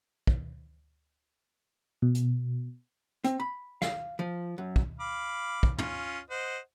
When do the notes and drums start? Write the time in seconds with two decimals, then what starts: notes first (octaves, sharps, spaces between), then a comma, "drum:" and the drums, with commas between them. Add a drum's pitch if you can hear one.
0.27 drum: kick
2.02 B2
2.15 drum: hi-hat
3.24 C4, drum: hi-hat
3.40 B5
3.82 F5, drum: snare
4.19 F3
4.58 F#2
4.76 drum: kick
5.00 F5 B5 D6
5.63 drum: kick
5.78 C#4 F4, drum: tom
6.31 C5 D#5 F#5